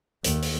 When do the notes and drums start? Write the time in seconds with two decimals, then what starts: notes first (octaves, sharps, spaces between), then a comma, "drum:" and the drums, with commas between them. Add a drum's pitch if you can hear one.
0.24 D#2, drum: hi-hat
0.42 drum: open hi-hat